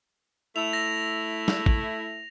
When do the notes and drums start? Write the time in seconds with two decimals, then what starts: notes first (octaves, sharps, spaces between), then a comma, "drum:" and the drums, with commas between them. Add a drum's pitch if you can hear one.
0.56 A3 E4 F7
0.73 A#6
1.48 drum: snare
1.66 drum: kick